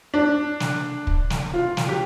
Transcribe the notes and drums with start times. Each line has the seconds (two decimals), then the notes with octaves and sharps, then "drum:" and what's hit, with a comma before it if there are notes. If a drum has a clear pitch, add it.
0.14 D4
0.60 drum: snare
1.07 drum: kick
1.30 drum: snare
1.54 F4
1.77 drum: snare
1.89 G4